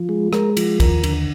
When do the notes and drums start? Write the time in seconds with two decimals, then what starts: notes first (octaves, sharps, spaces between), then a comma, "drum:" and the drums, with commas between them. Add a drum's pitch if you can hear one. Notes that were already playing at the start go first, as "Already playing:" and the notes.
Already playing: F3
0.09 G#3
0.33 G#3 A#4, drum: rim click
0.57 F3, drum: cymbal
0.80 D#2 A#4, drum: kick, cymbal
1.04 D3, drum: cymbal